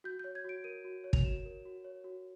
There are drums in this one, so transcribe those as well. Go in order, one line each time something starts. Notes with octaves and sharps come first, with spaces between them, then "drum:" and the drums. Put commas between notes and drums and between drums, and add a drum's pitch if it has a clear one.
F#4 G6
C#5 G6
G#6
F#4 D7
A#4 D#7
F#4
C#5
F7, drum: kick
F#4 E7
A#4
F#4
C#5
F#4